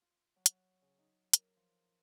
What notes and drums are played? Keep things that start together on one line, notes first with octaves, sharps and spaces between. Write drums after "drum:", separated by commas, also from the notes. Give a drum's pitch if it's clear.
F4
F#3
drum: hi-hat
C#3
D#4
A#4, drum: hi-hat
F3